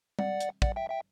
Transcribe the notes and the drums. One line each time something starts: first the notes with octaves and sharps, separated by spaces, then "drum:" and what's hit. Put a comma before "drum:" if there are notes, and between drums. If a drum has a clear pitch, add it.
D5 F#5, drum: tom G3
drum: hi-hat
D5 F#5, drum: kick
E5 G5
E5 G5